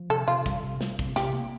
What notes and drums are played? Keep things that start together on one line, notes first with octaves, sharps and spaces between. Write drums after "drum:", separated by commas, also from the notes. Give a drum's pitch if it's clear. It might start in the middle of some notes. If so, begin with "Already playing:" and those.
Already playing: F3
C3 A4
C3 F4
G3, drum: kick, hi-hat
C3
G3, drum: snare
C3, drum: kick
C3 G4, drum: snare
A#3